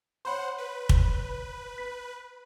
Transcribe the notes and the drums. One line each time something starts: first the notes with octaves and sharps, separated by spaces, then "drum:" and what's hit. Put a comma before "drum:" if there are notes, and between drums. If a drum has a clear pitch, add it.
C5 C#5 F#5 B5 C6
B4
drum: kick
B6